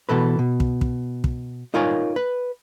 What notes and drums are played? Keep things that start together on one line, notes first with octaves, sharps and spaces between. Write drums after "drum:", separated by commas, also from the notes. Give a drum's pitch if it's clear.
B2 E3 A4 B4
B2
drum: kick
drum: kick
drum: kick
D#4 F4 A#4 C#5 F5 G#5
B4